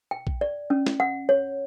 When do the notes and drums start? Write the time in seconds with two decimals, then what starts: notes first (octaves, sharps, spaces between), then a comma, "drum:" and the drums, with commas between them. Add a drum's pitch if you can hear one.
0.11 G5
0.27 drum: kick A#1
0.41 D5
0.70 C#4
0.87 drum: snare
1.00 F#5
1.29 C#5